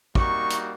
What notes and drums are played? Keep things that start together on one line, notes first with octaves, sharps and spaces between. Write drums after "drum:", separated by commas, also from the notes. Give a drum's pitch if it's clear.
G3 A#3 D#4 F#4 C#6, drum: kick
drum: hi-hat